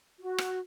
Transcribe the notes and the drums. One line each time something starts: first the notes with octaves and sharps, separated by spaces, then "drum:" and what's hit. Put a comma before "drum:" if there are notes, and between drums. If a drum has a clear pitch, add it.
F#4
drum: rim click